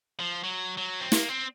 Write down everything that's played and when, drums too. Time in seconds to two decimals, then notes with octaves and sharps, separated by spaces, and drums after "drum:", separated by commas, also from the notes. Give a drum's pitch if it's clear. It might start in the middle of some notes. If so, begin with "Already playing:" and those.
0.20 F3
0.44 F#3
0.77 F#3
1.00 C4
1.12 A#3, drum: snare
1.29 C4